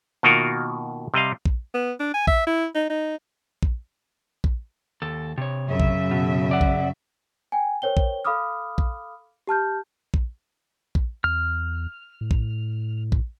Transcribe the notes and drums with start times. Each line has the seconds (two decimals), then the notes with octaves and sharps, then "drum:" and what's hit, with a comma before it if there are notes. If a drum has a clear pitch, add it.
0.23 B2 D#3 A#3 F4 F#4 A#4
1.14 C3 G3 D#5 F5
1.46 drum: kick A#1
1.74 B3
2.00 D4
2.14 G#5
2.27 E5, drum: kick A#1
2.47 E4
2.75 D#4
2.90 D#4
3.63 drum: kick A#1
4.44 drum: kick A#1
5.02 D#2 A4
5.38 C3 C#5
5.67 F#2 C#3 E5
5.80 drum: kick A#1
6.11 B2
6.51 D5 F#5
6.61 drum: kick A#1
7.52 G5 G#5
7.82 A#4 C5 C#5 G5 G7
7.97 drum: kick A#1
8.25 A4 F5 B5 D6 D#6 F6
8.78 drum: kick A#1
9.47 G4 A5 F6 G6
10.14 drum: kick A#1
10.95 drum: kick A#1
11.24 E2 F6
12.21 A2
12.31 drum: kick A#1
13.12 drum: kick A#1